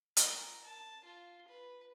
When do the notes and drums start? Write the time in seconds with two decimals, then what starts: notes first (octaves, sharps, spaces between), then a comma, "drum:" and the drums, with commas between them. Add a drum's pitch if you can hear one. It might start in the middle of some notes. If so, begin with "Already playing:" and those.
0.17 A#4, drum: hi-hat
0.64 A5
1.04 F4
1.48 B4